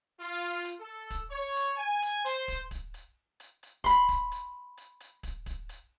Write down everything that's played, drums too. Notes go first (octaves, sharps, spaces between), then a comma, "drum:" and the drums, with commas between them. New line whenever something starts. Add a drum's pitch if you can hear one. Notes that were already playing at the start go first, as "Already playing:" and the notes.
F4
drum: hi-hat
A4
drum: kick, hi-hat
C#5
drum: hi-hat
G#5
drum: hi-hat
C5, drum: hi-hat
drum: kick, hi-hat
drum: kick, hi-hat
drum: hi-hat
drum: hi-hat
drum: hi-hat
B5 C6, drum: kick, hi-hat
drum: kick, hi-hat
drum: hi-hat
drum: hi-hat
drum: hi-hat
drum: kick, hi-hat
drum: kick, hi-hat
drum: hi-hat